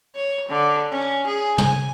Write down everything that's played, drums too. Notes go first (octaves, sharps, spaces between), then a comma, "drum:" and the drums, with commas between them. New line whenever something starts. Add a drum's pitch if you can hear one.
C#5
D3
C#4
G#4
G#5, drum: tom